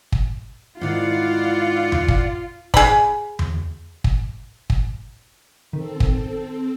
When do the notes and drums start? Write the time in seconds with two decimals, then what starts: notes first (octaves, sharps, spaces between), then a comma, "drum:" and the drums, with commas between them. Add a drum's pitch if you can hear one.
0.12 drum: kick
0.81 G#2 D#3 E4 F4 D5 F5 F#5
1.92 drum: tom E2
2.08 drum: kick
2.74 G#4 B5, drum: kick
3.39 drum: tom E2
4.04 drum: kick
4.70 drum: kick
5.73 D#3 C4 A4
6.00 drum: kick